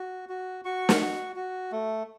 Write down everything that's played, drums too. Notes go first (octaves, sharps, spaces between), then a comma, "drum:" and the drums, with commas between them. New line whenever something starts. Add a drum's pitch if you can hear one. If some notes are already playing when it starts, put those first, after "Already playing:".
Already playing: F#4
F#4
F#4 C#6
drum: snare
F#4
F#4
A3